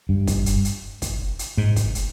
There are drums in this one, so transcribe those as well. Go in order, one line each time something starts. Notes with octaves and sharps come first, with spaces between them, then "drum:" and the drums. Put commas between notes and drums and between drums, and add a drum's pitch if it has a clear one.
G2
drum: kick, hi-hat
drum: hi-hat
drum: hi-hat
drum: kick, hi-hat
drum: hi-hat
G#2
drum: kick, hi-hat
drum: hi-hat